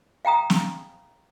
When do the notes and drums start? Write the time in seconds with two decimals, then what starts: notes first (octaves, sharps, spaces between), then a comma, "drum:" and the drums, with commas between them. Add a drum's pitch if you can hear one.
0.25 F5 G5 A#5 D#6
0.50 drum: snare